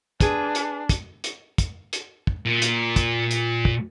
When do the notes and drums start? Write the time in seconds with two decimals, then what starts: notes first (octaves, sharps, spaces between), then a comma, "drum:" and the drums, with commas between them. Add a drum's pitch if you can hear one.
0.20 D4 G#4 B4, drum: kick, hi-hat
0.55 drum: hi-hat
0.89 drum: kick, hi-hat
1.24 drum: hi-hat
1.58 drum: kick, hi-hat
1.93 drum: hi-hat
2.27 drum: kick
2.46 A#2
2.62 drum: hi-hat
2.96 drum: kick, hi-hat
3.31 drum: hi-hat
3.65 drum: kick